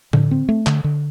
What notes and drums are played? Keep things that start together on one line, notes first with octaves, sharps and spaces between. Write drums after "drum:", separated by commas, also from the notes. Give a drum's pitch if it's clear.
D3, drum: tom A2
C4
A3
D3, drum: clap
D3